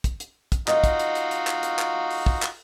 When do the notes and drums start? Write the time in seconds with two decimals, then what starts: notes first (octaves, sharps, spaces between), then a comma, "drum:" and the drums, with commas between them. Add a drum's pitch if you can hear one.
0.04 drum: kick, hi-hat
0.20 drum: hi-hat
0.52 drum: kick, hi-hat
0.68 D#4 F4 F#4 D#5, drum: clap
0.84 drum: kick, hi-hat
0.99 drum: hi-hat
1.15 drum: hi-hat
1.31 drum: hi-hat
1.47 drum: clap
1.63 drum: hi-hat
1.79 drum: clap
2.11 drum: open hi-hat
2.26 drum: kick
2.42 drum: clap